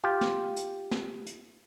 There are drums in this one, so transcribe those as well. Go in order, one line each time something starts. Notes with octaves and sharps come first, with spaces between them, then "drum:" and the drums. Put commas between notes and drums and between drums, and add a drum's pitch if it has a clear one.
F4 G4
drum: snare
drum: hi-hat
drum: snare
drum: hi-hat